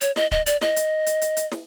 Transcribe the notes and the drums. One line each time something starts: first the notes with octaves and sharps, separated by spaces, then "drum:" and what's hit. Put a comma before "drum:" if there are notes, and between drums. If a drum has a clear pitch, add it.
C#5, drum: hi-hat
D#5, drum: snare
D#5, drum: kick
D5, drum: hi-hat
D#5, drum: snare
drum: hi-hat
drum: hi-hat
drum: hi-hat
drum: hi-hat
drum: snare